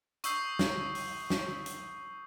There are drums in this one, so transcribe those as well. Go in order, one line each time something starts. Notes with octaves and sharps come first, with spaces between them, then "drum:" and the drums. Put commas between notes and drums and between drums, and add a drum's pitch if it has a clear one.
C#6 D#6 E6 G6 C7, drum: hi-hat
drum: snare
drum: open hi-hat
drum: snare
drum: hi-hat